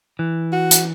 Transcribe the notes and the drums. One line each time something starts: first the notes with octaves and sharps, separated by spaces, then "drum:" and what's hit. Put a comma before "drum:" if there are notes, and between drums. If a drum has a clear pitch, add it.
E3
F#4
drum: hi-hat